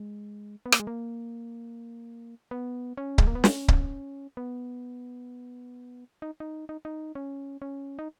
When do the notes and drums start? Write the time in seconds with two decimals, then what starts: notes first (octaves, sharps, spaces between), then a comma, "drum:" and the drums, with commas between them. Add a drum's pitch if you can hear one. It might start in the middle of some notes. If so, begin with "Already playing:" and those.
Already playing: G#3
0.66 B3
0.72 A#3, drum: rim click
0.80 G#3
0.87 A#3
2.51 B3
2.97 C#4
3.18 G#3, drum: kick C#1
3.27 A#3
3.35 B3
3.44 C#4, drum: snare
3.68 drum: kick C#1
4.37 B3
6.22 D#4
6.40 D#4
6.69 D#4
6.85 D#4
7.15 C#4
7.62 C#4
7.99 D#4